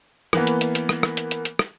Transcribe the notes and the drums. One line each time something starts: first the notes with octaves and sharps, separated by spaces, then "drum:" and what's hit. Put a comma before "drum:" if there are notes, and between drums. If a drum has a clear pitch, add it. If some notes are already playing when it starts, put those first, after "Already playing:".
E3 A#3 B3, drum: rim click
drum: hi-hat
drum: hi-hat
drum: hi-hat
drum: rim click
drum: rim click
drum: hi-hat
drum: hi-hat
drum: hi-hat
drum: rim click